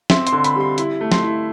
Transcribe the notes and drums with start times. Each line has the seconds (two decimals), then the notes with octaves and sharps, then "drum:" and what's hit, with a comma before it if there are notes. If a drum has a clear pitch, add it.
0.10 C4 E5, drum: snare
0.27 C6, drum: hi-hat
0.32 D3
0.44 B5, drum: hi-hat
0.56 G3 C6
0.78 E4, drum: hi-hat
1.01 A3
1.12 C6, drum: snare
1.23 E4